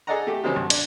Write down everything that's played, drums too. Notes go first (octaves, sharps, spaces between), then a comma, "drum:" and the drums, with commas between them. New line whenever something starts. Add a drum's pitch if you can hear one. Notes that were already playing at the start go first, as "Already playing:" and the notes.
G#4 A4 D5 D#5 F#5 A#5
A3 G4
C3 D#3 F#3 G3 C4 C#4
B1
D4, drum: cymbal